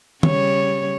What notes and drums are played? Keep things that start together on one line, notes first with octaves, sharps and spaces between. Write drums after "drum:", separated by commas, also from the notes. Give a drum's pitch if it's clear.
C#3 G3 C#5, drum: tom D#3